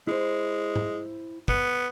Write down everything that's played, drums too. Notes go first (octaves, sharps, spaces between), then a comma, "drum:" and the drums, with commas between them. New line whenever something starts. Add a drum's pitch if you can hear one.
G#3 E4 C5
drum: tom G#2
B3, drum: kick